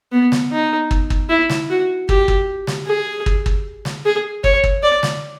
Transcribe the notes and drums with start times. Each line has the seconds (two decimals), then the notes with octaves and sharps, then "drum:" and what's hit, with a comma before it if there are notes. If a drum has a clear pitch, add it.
0.12 B3
0.32 drum: snare
0.52 D#4
0.91 drum: kick
1.10 drum: kick
1.29 E4
1.50 drum: snare
1.70 F#4
2.09 G4, drum: kick
2.28 drum: kick
2.67 drum: snare
2.87 G#4
3.26 drum: kick
3.46 drum: kick
3.85 drum: snare
4.05 G#4
4.44 C#5, drum: kick
4.64 drum: kick
4.83 D5
5.03 drum: snare